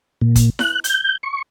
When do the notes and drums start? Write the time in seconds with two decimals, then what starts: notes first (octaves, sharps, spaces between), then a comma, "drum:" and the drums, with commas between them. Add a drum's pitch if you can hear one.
0.21 A#2
0.36 drum: kick, hi-hat
0.59 F#6, drum: snare E4
0.84 G6, drum: hi-hat
1.23 C#6